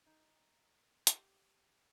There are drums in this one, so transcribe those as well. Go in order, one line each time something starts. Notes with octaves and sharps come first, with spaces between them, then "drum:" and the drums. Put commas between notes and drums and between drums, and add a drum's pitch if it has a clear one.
D#4
G4, drum: hi-hat